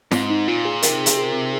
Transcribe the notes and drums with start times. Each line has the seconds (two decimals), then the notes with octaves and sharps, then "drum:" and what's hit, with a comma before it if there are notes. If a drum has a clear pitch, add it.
0.12 G#2 C4, drum: snare
0.30 D#4
0.48 A#2 F4
0.65 G#4
0.82 C3 A#4, drum: hi-hat
1.06 drum: hi-hat
1.17 G#4